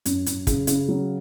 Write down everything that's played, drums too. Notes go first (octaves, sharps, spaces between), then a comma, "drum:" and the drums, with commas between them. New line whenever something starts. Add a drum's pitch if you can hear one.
F#2, drum: hi-hat
F#2, drum: hi-hat
C#3, drum: kick, hi-hat
C#3, drum: hi-hat
F#3